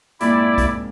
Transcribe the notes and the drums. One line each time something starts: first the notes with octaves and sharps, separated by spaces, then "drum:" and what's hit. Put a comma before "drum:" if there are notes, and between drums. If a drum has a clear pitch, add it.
F2 G#2 A#3 E4 D5, drum: hi-hat
drum: kick, hi-hat